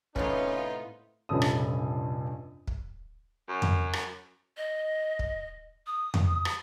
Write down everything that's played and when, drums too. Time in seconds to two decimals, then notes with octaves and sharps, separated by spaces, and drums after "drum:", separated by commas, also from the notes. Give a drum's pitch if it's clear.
0.16 A2 C3 E3 B3 C#4 D#4 F4, drum: kick
1.29 F1 A#1 G2 C#3 A4 D#6
1.42 drum: rim click
2.68 drum: kick
3.49 F#2
3.62 drum: tom F2
3.93 drum: rim click
4.57 D#5
5.19 drum: kick
5.87 D#6
6.14 drum: tom F2
6.45 drum: rim click